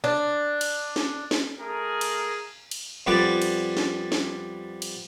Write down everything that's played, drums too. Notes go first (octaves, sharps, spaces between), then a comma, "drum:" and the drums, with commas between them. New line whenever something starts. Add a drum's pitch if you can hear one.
D4
drum: cymbal
drum: snare
drum: snare
A3 G#4 A#4
drum: cymbal
drum: cymbal
F2 G3 B3 B4 D5
drum: cymbal
drum: snare
drum: snare
drum: cymbal